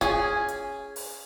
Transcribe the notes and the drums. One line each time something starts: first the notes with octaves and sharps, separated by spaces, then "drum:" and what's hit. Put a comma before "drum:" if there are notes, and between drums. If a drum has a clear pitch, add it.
C#4 G#4, drum: kick, hi-hat
drum: hi-hat
drum: open hi-hat